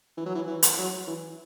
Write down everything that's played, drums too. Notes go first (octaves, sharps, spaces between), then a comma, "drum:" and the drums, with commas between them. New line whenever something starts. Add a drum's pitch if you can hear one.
E3
F#3
E3
E3
drum: hi-hat
F#3
E3